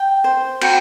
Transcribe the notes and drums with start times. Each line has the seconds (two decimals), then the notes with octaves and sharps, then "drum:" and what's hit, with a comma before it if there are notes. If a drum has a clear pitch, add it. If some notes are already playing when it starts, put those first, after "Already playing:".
Already playing: G5
0.24 C5
0.62 F#4 G5, drum: cymbal